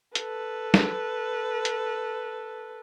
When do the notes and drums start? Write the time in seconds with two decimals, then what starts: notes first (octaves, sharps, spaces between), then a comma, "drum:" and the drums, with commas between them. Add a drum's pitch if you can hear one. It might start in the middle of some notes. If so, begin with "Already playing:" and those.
0.15 A4 B4, drum: hi-hat
0.74 drum: snare
1.65 drum: hi-hat